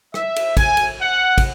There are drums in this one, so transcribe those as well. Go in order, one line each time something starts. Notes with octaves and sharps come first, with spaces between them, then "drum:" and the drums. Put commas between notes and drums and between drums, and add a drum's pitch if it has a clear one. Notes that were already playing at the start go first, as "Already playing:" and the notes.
E5, drum: rim click
drum: cymbal
G#5, drum: kick, cymbal
drum: cymbal
F#5
drum: kick, cymbal